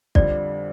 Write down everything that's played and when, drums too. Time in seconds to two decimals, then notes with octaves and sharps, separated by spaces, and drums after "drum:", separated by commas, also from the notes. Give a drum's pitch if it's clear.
0.15 F2 D3 G3 D5, drum: kick